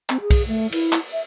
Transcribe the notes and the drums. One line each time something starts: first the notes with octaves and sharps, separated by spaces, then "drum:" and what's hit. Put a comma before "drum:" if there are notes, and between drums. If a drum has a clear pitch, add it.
C4, drum: clap
G#4
drum: kick B1, cymbal
A3
E4, drum: cymbal
drum: clap
E5